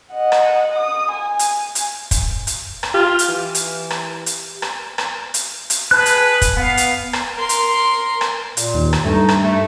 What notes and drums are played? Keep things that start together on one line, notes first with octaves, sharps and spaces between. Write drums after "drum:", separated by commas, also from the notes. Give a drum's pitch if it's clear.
D#5 F#5
drum: rim click
D#6
G#5
drum: hi-hat
drum: hi-hat
drum: kick, hi-hat
drum: hi-hat
drum: rim click
F4 G4
drum: hi-hat
E3
drum: hi-hat
drum: rim click
drum: hi-hat
drum: rim click
drum: rim click
drum: hi-hat
drum: hi-hat
G#4 B4 A5 F#6
drum: hi-hat
drum: kick, hi-hat
B3 F5
drum: hi-hat
drum: rim click
A#4 C6
drum: hi-hat
drum: rim click
A#2, drum: hi-hat
D#2
drum: rim click
G2 A3 D#4
drum: rim click
A3